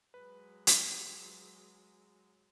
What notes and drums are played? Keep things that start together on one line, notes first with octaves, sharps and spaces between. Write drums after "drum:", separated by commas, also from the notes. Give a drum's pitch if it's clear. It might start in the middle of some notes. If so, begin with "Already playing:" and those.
F#3 G#3 B4
drum: hi-hat